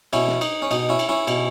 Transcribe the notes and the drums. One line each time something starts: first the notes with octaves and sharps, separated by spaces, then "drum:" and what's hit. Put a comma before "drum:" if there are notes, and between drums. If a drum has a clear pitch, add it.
B2 C#4 E4, drum: cymbal
drum: snare
D#4, drum: cymbal
C#4
B2 D#4, drum: cymbal
C#4 E4
drum: cymbal
C#4 E4
B2, drum: cymbal